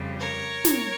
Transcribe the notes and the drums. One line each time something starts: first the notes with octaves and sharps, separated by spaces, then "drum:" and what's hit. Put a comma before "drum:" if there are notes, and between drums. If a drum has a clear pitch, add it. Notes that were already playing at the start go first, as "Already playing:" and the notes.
Already playing: F2 C#3 G3
A#4 C#5
drum: snare